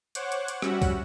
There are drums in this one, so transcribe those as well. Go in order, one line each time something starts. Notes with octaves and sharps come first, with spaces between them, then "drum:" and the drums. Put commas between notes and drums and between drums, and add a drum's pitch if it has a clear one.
C5 C#5 F#5 D6 F#6, drum: hi-hat
drum: hi-hat
drum: hi-hat
G3 C#4 F#4 E5 F#5, drum: rim click
drum: kick, open hi-hat